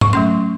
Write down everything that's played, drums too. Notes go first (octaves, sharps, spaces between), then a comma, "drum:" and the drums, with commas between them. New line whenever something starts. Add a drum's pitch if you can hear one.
C#6, drum: tom G#2
F#3 A3 C#4 C6